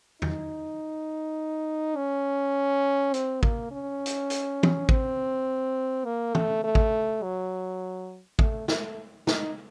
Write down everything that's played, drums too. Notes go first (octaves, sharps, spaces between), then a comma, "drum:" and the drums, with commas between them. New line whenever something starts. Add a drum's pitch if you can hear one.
D#4, drum: tom E2
C#4
C4, drum: hi-hat
A#3, drum: kick
C#4
drum: hi-hat
drum: hi-hat
drum: tom
C4, drum: kick
A#3
A3, drum: tom
A3
drum: kick
F#3
A3, drum: kick
A3, drum: snare
D#4, drum: snare